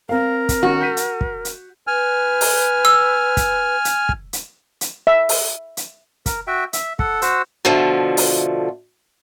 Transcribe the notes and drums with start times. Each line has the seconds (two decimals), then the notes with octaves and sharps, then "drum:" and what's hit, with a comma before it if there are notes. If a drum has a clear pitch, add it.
0.09 C4 A#4 F5
0.49 drum: kick, hi-hat
0.63 D#3 C#4 F#4
0.81 G6 B6 D#7
0.97 drum: hi-hat
1.21 drum: kick
1.45 drum: hi-hat
1.87 B4 G#5 F6
2.41 drum: open hi-hat
2.85 E6
3.37 drum: kick, hi-hat
3.85 drum: hi-hat
4.09 drum: kick
4.33 drum: hi-hat
4.81 drum: hi-hat
5.07 E5
5.29 drum: open hi-hat
5.77 drum: hi-hat
6.26 A#4, drum: kick, hi-hat
6.47 F#4 E5 G5
6.73 E5, drum: hi-hat
6.99 A4 F#5, drum: kick
7.22 F#4 C5 F#5 E6, drum: hi-hat
7.65 B2 D3 F3 A3
8.17 drum: open hi-hat